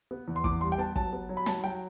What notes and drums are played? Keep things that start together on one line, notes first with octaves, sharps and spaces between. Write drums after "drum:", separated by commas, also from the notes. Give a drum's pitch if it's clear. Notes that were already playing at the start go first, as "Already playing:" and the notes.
B3
E2
C6
E2 D6, drum: kick
G3 C6
G5
B3 A5
F#3 A5, drum: kick
B3
F#3
B5
F#3 A5, drum: snare
F#3 G5